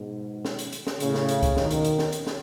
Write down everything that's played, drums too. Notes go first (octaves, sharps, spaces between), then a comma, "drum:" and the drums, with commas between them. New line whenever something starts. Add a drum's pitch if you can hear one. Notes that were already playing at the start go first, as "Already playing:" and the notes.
Already playing: G#2 B2
drum: snare
drum: hi-hat
drum: hi-hat
drum: snare
A2 C#3, drum: hi-hat
drum: snare
drum: hi-hat
drum: kick C2, hi-hat
B2 D#3, drum: snare
drum: hi-hat
drum: hi-hat
drum: snare
drum: hi-hat
drum: snare